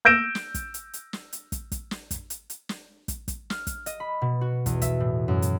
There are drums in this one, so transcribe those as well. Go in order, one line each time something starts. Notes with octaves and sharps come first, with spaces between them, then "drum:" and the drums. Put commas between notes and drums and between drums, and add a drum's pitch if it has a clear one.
E6 G6 A#6 D7 E7
drum: snare
drum: kick, hi-hat
drum: hi-hat
drum: hi-hat
drum: snare
drum: hi-hat
drum: kick, hi-hat
drum: kick, hi-hat
drum: snare
drum: kick, hi-hat
drum: hi-hat
drum: hi-hat
drum: snare
drum: kick, hi-hat
drum: kick, hi-hat
F6, drum: snare
drum: kick, hi-hat
D#5, drum: hi-hat
B5
B2
F#4
E2, drum: kick, hi-hat
E5, drum: kick, hi-hat
A2
F#2
drum: hi-hat